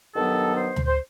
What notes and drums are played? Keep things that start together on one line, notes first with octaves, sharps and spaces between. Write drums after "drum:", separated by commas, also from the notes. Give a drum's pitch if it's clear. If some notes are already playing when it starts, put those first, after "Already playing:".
G2 D#3 F#3 B3 A4
C5
drum: tom D2
C5